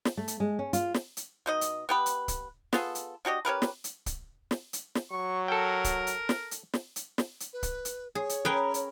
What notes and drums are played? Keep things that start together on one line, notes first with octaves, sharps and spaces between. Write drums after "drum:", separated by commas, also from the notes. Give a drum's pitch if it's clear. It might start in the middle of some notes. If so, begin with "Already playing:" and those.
drum: snare
A3
drum: hi-hat
G#3
C#4
F4, drum: hi-hat
drum: snare
drum: hi-hat
B2 D#4 D#5
drum: hi-hat
B3 G4 B4
drum: hi-hat
drum: kick C#1, hi-hat
B3 F4 G#4 A4, drum: snare
drum: hi-hat
D4 F#4 G4 D#5
C#4 G4 A#4 B4
drum: snare
drum: hi-hat
drum: kick C#1, hi-hat
drum: snare
drum: hi-hat
drum: snare
F#3 C#6
A4 A#4 G5
drum: kick C#1, hi-hat
drum: hi-hat
drum: snare
drum: hi-hat
drum: snare
drum: hi-hat
drum: snare
drum: hi-hat
B4
drum: kick C#1, hi-hat
drum: hi-hat
G#4 C#5
drum: hi-hat
C#4 G#4 A#4 B4 G5
drum: hi-hat